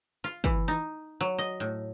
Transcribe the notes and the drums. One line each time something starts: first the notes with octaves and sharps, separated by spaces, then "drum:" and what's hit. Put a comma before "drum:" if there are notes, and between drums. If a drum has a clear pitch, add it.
F4
E3, drum: kick
D#4, drum: tambourine
F#3
D#5
A2